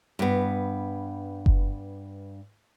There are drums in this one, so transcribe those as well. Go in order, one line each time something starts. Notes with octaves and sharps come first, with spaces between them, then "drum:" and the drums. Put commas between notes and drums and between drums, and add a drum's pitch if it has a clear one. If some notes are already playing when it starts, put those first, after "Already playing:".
G2 B3
drum: kick F#1